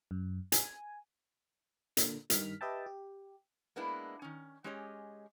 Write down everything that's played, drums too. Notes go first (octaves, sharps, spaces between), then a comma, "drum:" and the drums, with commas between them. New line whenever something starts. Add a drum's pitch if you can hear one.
F#2
G#5, drum: hi-hat
A#2 D3, drum: hi-hat
G2 D#3 F6 B6, drum: hi-hat
G4 B4 D#5 E5 G5 A5
G4
G#3 A#3 B3 D4 E4
D#3 C#4
G#3 C#4 G4 G#4 C#5 D#5